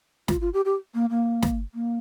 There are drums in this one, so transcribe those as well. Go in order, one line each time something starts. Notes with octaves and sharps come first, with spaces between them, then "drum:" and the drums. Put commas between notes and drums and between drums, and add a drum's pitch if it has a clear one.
F4, drum: snare
F4
G4
G4
A#3
A#3
drum: snare
A#3